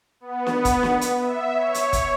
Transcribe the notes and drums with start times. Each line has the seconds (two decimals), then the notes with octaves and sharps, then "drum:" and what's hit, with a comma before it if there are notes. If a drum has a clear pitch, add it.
0.21 B3
0.47 drum: snare
0.65 drum: kick, hi-hat
0.83 drum: snare
1.01 drum: hi-hat
1.20 E5
1.53 C#5
1.74 drum: hi-hat
1.93 drum: kick, hi-hat